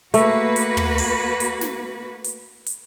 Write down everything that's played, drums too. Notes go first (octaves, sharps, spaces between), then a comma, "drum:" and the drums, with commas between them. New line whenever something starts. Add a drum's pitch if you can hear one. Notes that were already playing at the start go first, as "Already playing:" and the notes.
A3 A#3 F#4 B4, drum: hi-hat
drum: hi-hat
drum: tom
drum: open hi-hat
drum: hi-hat
drum: snare
drum: hi-hat
drum: hi-hat